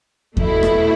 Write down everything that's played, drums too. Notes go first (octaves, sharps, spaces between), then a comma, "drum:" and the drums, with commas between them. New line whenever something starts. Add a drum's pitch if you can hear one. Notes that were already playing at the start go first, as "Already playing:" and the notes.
E2 B2 A3 E4, drum: kick E2
drum: rim click